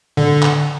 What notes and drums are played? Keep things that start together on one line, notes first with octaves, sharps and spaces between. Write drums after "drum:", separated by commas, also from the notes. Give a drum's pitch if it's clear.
D3, drum: tom A2
drum: clap